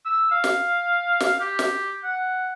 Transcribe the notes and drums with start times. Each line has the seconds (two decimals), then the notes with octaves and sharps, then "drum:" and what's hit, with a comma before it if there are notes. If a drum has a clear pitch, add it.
0.05 E6
0.32 F5
0.44 drum: snare
1.20 drum: snare
1.40 G4
1.59 drum: snare
2.04 F#5